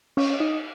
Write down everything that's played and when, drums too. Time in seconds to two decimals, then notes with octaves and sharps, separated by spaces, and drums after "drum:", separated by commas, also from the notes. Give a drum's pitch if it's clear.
0.17 C#4, drum: cymbal
0.40 D#4